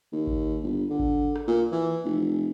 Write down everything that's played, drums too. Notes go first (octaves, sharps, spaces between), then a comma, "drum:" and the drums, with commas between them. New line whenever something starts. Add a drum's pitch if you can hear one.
D#2
drum: kick G#1
G1
D3
drum: kick G#1
drum: rim click
A#2
E3
F1